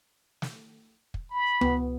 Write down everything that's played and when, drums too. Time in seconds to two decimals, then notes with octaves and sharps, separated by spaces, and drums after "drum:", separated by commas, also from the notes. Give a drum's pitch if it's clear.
0.42 drum: snare
1.14 drum: kick
1.31 B5
1.61 B3, drum: tom C#2